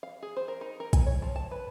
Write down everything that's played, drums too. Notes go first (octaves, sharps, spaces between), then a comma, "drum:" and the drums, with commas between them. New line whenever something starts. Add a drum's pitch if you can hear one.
F5
G#4
C5
A#4
D#4
A#4
G#5, drum: kick, hi-hat
C#5
F3
A5
B4